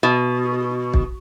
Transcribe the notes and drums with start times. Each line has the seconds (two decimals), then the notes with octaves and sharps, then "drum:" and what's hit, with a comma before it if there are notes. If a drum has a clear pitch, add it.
0.03 B2
0.94 drum: kick